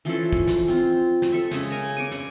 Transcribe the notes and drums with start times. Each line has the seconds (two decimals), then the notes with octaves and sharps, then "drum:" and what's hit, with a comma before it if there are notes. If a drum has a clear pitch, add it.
0.05 E3 F3 C#4 A4
0.33 drum: kick
0.47 drum: snare
0.68 C4 F4
1.22 drum: snare
1.32 A4 E5
1.51 C#3 G#3 C#6, drum: snare
1.70 A#4 G#5
1.97 G#5 C#6 D6
2.12 drum: snare